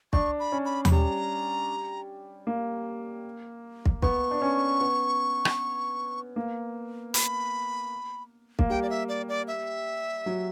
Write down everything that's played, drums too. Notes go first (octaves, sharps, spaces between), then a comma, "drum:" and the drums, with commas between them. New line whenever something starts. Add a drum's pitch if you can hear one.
D4 C#6, drum: kick
B5
C#4
B5
B5, drum: tom D#2
G3 A#5
A#3
drum: kick
B3 C#6, drum: kick
D4
C#4
B3
drum: rim click
A#3
B5, drum: hi-hat
A#3, drum: kick
G3 G5
D5
E5
D5
D5
E5
F#3